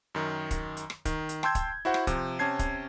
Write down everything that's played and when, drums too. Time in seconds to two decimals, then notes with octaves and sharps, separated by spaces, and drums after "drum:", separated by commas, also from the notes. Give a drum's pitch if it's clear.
0.15 F#2 D#3
0.51 drum: kick, hi-hat
0.77 drum: hi-hat
0.90 drum: rim click
1.05 D#3, drum: kick, hi-hat
1.29 drum: hi-hat
1.43 G5 A5 C6 E6 G6 G#6, drum: rim click
1.55 drum: kick, hi-hat
1.85 E4 F#4 C5 F#5
1.94 drum: rim click
2.07 C3 F3, drum: kick, hi-hat
2.39 C3 C#4 A5 G#6 C7
2.59 drum: kick, hi-hat